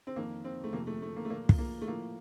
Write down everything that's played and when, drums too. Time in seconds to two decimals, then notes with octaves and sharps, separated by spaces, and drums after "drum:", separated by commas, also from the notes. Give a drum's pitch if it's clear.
0.07 C4
0.16 F2 D#3 A#3
0.44 C4
0.64 A3
0.73 F2 C3 F3 A#3
0.87 A3
1.02 A3
1.16 A#3
1.25 A3
1.30 A#2 F3 A#3
1.49 drum: kick
1.58 A#3
1.82 A3
1.87 A2 F3 A#3